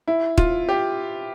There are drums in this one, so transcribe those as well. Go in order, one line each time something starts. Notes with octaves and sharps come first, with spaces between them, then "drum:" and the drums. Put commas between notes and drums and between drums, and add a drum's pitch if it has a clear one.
E4
F4, drum: kick
G4